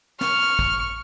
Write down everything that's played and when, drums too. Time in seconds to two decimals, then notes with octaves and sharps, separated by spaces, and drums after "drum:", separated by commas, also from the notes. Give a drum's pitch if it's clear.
0.21 C#6 F6, drum: snare
0.59 drum: kick